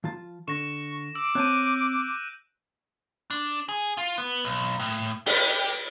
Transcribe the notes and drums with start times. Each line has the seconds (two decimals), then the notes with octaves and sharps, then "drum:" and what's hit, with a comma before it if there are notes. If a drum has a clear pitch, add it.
0.04 F3 F4 A5
0.48 D3 C#6 A#6 E7
1.15 D6 E6 D7
1.35 C4 C#5 A5 F#6 G6 D#7
3.31 D4
3.69 G#4
3.97 F4
4.18 B3
4.45 B1
4.79 A2
5.26 G4, drum: open hi-hat